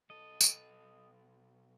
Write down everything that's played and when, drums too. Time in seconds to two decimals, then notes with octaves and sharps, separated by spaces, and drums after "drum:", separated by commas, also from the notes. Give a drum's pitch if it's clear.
0.10 B1 A4 D#5
0.41 drum: tambourine